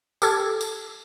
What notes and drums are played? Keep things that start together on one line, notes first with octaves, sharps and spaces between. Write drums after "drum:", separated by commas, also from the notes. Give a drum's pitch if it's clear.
G4 A4 G#6, drum: tambourine
drum: tambourine